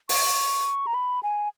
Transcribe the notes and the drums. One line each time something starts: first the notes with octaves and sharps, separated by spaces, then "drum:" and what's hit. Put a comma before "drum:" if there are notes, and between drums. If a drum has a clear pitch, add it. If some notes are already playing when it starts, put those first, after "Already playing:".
C#6, drum: open hi-hat
A#5
B5
G#5